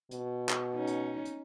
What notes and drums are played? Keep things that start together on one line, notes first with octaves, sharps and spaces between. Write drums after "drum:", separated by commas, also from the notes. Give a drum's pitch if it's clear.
B2, drum: hi-hat
drum: clap
C#4 D#4
drum: hi-hat
drum: hi-hat